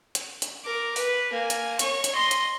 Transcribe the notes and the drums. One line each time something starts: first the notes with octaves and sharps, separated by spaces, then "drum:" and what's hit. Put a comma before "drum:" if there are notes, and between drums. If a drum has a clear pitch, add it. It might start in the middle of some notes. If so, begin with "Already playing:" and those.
drum: hi-hat
drum: hi-hat
A#4 D6
B4, drum: open hi-hat
A#3 G#5
drum: hi-hat
C#5 C#6, drum: hi-hat
drum: hi-hat
D#5 C6
drum: hi-hat